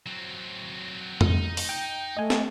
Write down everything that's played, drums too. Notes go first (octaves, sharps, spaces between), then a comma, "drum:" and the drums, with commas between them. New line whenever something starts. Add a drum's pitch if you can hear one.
F#3 C4
D#4, drum: tom F2
drum: open hi-hat
G5 G6
A3 D#5 G#5
drum: snare